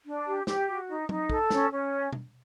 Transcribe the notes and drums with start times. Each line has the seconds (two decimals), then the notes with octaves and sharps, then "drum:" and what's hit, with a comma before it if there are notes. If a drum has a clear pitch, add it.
0.06 D4
0.27 G4
0.47 G4, drum: snare
0.68 F#4
0.89 D#4
1.09 D#4, drum: tom
1.30 A4, drum: kick
1.50 C#4, drum: snare
1.71 C#4
2.13 drum: tom